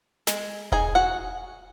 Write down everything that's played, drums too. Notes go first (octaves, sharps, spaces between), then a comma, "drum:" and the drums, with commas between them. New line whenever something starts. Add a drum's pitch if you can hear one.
G#3, drum: snare
D#4 G#4 G#5, drum: kick E1
F#4 F#5